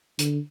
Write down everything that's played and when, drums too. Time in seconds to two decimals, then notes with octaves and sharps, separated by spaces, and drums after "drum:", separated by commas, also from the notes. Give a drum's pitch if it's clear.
0.19 D3, drum: hi-hat